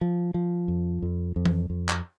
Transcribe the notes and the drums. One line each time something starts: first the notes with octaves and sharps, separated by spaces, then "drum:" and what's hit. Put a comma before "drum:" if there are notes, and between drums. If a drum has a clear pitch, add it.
F3
F3
F2
F2
F2
drum: tom E3
F2
drum: clap